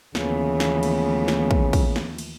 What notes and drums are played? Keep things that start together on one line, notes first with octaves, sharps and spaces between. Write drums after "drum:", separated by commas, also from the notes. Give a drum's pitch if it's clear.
D#2 C#3 E3 F3 A3 B3, drum: snare
drum: snare
drum: cymbal
drum: snare
drum: kick
drum: kick, cymbal
drum: snare
drum: cymbal